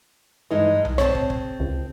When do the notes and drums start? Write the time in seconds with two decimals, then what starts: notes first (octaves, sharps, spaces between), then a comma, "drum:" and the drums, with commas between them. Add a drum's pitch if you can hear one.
0.51 G2 E3 G#3 D#4
0.85 drum: tom B1
0.98 C4 G#4 C#5 A5, drum: rim click
1.15 drum: kick
1.30 drum: kick
1.60 C#2